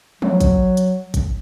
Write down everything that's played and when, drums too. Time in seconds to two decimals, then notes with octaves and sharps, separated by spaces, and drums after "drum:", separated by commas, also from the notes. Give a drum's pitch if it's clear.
0.22 F#3, drum: tom
0.41 drum: kick, hi-hat
0.77 drum: hi-hat
1.14 drum: kick, hi-hat